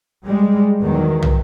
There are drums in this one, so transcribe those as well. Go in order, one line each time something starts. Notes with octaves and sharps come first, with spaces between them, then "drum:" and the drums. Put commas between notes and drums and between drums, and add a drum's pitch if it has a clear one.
G3 G#3
E2 D#3 F#3
drum: tom